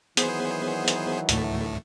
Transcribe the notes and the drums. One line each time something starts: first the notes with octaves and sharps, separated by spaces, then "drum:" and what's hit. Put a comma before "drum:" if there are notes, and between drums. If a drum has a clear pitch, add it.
D#3 E3 F#3 B3 G#4 C5, drum: hi-hat
drum: hi-hat
D2 A2 A3, drum: hi-hat